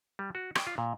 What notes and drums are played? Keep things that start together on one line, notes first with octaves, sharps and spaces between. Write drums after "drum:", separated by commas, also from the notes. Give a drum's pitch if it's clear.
G3
F#4
G5, drum: rim click
F4
A#2